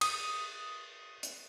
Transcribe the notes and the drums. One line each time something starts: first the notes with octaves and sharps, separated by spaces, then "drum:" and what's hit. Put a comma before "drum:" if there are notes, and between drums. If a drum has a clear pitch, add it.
D#6, drum: cymbal
drum: hi-hat